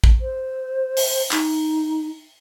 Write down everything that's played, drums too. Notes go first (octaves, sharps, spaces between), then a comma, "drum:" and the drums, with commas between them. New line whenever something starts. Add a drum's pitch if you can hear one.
drum: kick
C5
drum: open hi-hat
D#4, drum: clap